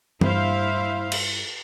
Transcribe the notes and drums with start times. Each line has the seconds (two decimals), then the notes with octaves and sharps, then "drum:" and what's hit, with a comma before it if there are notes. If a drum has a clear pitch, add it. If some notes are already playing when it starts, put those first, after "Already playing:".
0.21 G2 E4 C5 F5, drum: tom E3
1.12 drum: cymbal